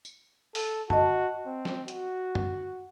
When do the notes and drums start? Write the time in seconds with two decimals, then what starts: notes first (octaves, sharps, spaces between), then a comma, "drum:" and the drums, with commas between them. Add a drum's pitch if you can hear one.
0.05 drum: tambourine
0.55 A4, drum: open hi-hat
0.90 F#4 D#5 A5, drum: tom F#2
1.46 C4
1.65 drum: snare
1.88 F#4, drum: hi-hat
2.35 drum: tom F#2